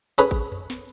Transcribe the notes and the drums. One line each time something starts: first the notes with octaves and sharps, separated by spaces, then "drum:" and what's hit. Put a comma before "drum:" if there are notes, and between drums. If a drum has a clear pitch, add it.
C#4 G#4 B4 B5
drum: kick G#1
drum: tom F2
drum: snare